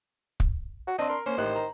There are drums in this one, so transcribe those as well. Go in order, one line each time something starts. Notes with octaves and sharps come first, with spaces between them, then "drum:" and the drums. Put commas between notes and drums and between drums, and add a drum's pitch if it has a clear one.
drum: kick
F#4
C4 D4 D#5 C6
A#4 C6
A#3 C#4 C5
A1 D#3 G4 F#6
A#5